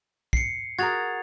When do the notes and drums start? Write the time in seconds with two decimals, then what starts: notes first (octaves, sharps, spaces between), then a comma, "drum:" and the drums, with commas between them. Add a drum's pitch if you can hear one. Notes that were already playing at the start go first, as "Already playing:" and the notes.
0.33 C7 C#7, drum: kick
0.79 F#4 G#4 A#4 G#6 A6 F7